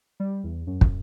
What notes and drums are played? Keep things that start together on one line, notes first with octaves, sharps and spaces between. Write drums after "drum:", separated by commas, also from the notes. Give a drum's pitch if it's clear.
G3
E2
F#2
drum: kick